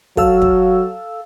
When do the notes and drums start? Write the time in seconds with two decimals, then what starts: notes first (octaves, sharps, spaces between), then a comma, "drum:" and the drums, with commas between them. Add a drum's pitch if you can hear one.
0.17 F#3 A4 F5 E6, drum: kick
0.42 drum: kick